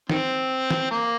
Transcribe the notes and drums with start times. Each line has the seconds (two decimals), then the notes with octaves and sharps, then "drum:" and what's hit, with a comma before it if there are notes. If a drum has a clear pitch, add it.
0.10 D#3 C4, drum: snare
0.71 drum: snare
0.91 A#3